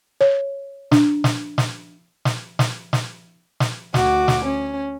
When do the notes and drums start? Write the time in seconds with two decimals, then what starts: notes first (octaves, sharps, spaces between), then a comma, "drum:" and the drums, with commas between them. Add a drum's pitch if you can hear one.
0.21 C#5
0.92 D4, drum: snare
1.24 drum: snare
1.58 drum: snare
2.25 drum: snare
2.59 drum: snare
2.93 drum: snare
3.60 drum: snare
3.94 D2 F#4 D6, drum: snare
4.28 drum: snare
4.45 C#4